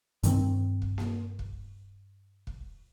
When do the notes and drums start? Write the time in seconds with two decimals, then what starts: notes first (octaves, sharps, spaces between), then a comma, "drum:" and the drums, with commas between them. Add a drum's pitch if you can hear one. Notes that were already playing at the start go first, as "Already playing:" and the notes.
0.23 G2 D#3 C4, drum: hi-hat
0.82 drum: kick
0.98 drum: snare A#3
1.39 drum: kick
2.47 drum: kick